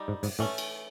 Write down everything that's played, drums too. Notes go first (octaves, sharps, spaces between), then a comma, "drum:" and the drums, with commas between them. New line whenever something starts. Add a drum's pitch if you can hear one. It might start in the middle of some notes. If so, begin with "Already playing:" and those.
Already playing: G3 D#4
G#2
G#2, drum: open hi-hat
A2 E3 A3 C#4
drum: cymbal